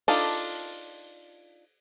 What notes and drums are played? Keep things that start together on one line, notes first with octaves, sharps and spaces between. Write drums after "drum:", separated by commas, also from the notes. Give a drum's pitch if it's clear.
D4 D#4 F4 A4, drum: open hi-hat